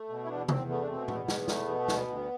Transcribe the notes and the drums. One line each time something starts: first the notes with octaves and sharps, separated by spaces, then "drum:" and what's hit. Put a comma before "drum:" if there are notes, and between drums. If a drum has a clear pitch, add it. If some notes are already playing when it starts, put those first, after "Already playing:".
Already playing: A3
B2
E4
E2 B3 D4
E2 C4, drum: tom C3
A3 B3
D4
B2 C4
E2 B3, drum: tom
E2, drum: snare
A3, drum: snare
B2
D2, drum: snare
D2